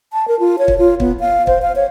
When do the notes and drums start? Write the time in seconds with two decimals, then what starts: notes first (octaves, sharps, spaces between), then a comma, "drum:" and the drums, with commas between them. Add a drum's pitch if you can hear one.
0.13 A5
0.28 A#4
0.40 F4
0.59 C#5
0.68 drum: kick
0.79 F4
1.00 B3, drum: kick
1.20 F5
1.47 C5, drum: kick
1.62 F5
1.76 C#5